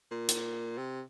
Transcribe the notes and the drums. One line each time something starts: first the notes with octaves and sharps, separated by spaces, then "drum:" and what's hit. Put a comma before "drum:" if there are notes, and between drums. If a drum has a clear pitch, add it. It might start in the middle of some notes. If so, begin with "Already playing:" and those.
A#2
drum: hi-hat
C3